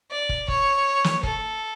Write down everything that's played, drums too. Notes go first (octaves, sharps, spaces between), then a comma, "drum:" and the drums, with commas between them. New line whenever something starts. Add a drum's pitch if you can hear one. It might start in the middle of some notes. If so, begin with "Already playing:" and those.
D5
drum: kick
C#5, drum: kick
drum: snare
A4, drum: kick